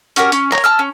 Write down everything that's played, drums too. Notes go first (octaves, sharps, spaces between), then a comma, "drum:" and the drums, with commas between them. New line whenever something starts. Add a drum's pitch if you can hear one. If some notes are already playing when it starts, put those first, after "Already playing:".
C#4 F#4 G4 A#4, drum: hi-hat
C#4, drum: hi-hat
A#4 C#5, drum: clap
A5 E6 F6
C#4